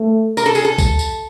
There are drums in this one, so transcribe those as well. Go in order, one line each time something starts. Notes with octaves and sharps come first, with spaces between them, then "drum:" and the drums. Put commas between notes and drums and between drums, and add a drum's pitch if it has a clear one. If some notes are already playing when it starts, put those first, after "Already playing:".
Already playing: A3
A#4, drum: tambourine
A4
G#4, drum: tambourine
A4
drum: kick, tambourine
drum: tambourine